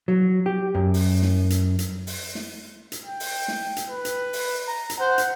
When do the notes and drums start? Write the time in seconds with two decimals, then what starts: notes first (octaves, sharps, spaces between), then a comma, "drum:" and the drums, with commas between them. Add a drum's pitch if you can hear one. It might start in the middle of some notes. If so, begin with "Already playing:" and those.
0.08 F#3
0.46 G4
0.74 F#2
0.94 drum: open hi-hat
1.22 drum: snare
1.50 drum: hi-hat
1.79 drum: hi-hat
2.07 drum: open hi-hat
2.35 drum: snare
2.92 drum: hi-hat
3.06 G5
3.20 drum: open hi-hat
3.48 drum: snare
3.77 drum: hi-hat
3.88 B4
4.05 drum: hi-hat
4.33 drum: open hi-hat
4.67 A#5
4.90 drum: hi-hat
4.99 C5 F#5
5.18 drum: hi-hat